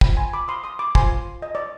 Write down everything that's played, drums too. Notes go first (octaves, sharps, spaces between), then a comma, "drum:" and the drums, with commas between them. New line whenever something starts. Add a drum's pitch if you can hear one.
F4 C5 G5 B5, drum: kick
G#5 C6
B5 D6
C6 D#6
C6 D#6
B5 D6
F4 C5 G#5 C6, drum: kick
D#5
D5